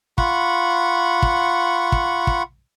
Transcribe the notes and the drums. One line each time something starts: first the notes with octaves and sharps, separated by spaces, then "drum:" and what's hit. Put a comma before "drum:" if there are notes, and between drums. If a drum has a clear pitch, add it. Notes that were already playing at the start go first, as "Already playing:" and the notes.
F4 F#5 B5 C#6, drum: kick
drum: kick
drum: kick
drum: kick